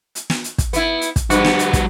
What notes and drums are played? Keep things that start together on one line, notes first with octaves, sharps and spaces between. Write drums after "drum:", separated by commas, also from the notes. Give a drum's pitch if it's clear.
drum: hi-hat
drum: snare
drum: hi-hat
drum: kick, hi-hat
B3 E4, drum: hi-hat
drum: hi-hat
drum: kick, hi-hat
G2 G3 B3 F#4, drum: hi-hat
drum: snare
drum: hi-hat
drum: kick, hi-hat